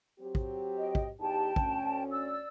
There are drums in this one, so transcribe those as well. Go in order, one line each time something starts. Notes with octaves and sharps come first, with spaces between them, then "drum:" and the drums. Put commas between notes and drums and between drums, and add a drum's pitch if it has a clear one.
F#3 C4 G4
drum: kick
D#5 G5
drum: kick
E2 D#4 G4 G5 A5
D2 C#4, drum: kick
D5 E6